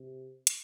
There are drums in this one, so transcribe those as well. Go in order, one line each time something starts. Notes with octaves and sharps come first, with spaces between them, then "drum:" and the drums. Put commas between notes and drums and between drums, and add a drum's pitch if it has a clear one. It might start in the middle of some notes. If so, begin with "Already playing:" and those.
Already playing: C3
drum: hi-hat